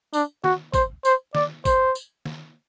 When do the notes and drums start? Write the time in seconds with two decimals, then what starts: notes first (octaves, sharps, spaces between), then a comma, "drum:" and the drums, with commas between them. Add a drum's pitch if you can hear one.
0.13 D4, drum: tambourine
0.44 F#4, drum: snare D#3
0.74 C5, drum: kick G#1, tambourine
1.05 C5, drum: tambourine
1.35 D5, drum: snare D#3
1.65 C5, drum: kick G#1, tambourine
1.95 drum: tambourine
2.25 drum: snare D#3